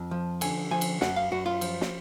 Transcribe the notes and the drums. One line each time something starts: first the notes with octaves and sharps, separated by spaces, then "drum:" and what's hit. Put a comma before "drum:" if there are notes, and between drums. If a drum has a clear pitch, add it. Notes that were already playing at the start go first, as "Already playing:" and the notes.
Already playing: F2
F3
D3 G#5, drum: cymbal
F3 G#5
drum: cymbal
F#2 F#5, drum: snare
F5
F#2 F#4
F4
F3, drum: cymbal
drum: snare